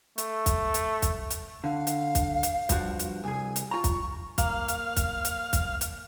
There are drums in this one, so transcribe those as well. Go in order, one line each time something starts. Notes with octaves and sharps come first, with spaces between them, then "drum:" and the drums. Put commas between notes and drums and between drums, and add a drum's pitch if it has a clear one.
A3, drum: hi-hat
drum: kick, hi-hat
drum: hi-hat
drum: kick, hi-hat
drum: hi-hat
D3 F5
drum: hi-hat
drum: kick, hi-hat
drum: hi-hat
G2 F3 F#4, drum: kick, hi-hat
drum: hi-hat
C2 G#4 G#5
drum: hi-hat
F4 A#5 C#6
drum: kick, hi-hat
A#3 F5, drum: kick, hi-hat
drum: hi-hat
drum: kick, hi-hat
drum: hi-hat
drum: kick, hi-hat
drum: hi-hat